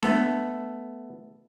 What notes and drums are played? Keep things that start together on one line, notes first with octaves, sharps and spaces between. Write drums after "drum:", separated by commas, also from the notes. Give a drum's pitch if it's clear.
A3 B3 A4, drum: snare D4